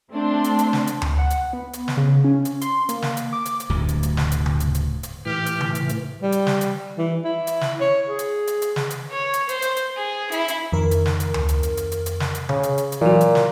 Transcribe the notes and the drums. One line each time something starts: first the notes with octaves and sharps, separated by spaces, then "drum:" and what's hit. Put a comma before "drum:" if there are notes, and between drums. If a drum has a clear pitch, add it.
A3 C4 D4 C6
drum: hi-hat
drum: hi-hat
drum: snare
drum: hi-hat
drum: tom D2
F#5
drum: hi-hat
B3
drum: hi-hat
drum: snare
C#3
C#4
drum: hi-hat
C6, drum: hi-hat
A#3, drum: hi-hat
drum: snare
drum: hi-hat
D6
drum: hi-hat
drum: hi-hat
D1 D2 G2
drum: hi-hat
drum: hi-hat
drum: snare
drum: hi-hat
drum: tom C#3
drum: hi-hat
drum: hi-hat
drum: hi-hat
A2 E3 G4 F6
drum: hi-hat
drum: tom C#3
drum: hi-hat
drum: hi-hat
G3
drum: hi-hat
drum: snare
drum: hi-hat
E3
E4
drum: hi-hat
drum: snare
C#5
G#4
drum: hi-hat
drum: hi-hat
drum: hi-hat
drum: snare
drum: hi-hat
C#5
drum: hi-hat
C5, drum: hi-hat
drum: hi-hat
drum: hi-hat
G#4
E4, drum: hi-hat
drum: hi-hat
F2 D#3 A#4
drum: hi-hat
drum: snare
drum: hi-hat
drum: tom D2
drum: hi-hat
drum: hi-hat
drum: hi-hat
drum: hi-hat
drum: hi-hat
drum: snare
drum: hi-hat
C#3, drum: tom C#3
drum: hi-hat
drum: hi-hat
drum: hi-hat
A#2 E3 F#3
drum: hi-hat
drum: snare